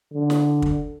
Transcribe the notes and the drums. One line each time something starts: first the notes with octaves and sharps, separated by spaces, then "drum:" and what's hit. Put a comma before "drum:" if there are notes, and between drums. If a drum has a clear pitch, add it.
D3
drum: snare
drum: kick